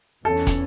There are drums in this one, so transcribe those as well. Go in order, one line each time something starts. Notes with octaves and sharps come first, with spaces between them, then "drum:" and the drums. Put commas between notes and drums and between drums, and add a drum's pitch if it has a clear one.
E2 E3 C#4 A4
drum: kick, hi-hat